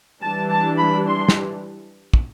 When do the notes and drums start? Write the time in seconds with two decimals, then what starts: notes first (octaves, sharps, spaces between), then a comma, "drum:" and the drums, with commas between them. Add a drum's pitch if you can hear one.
0.22 E3 G3 D4 A5
0.50 A5
0.79 B5
1.07 C6
1.29 drum: snare
2.14 drum: kick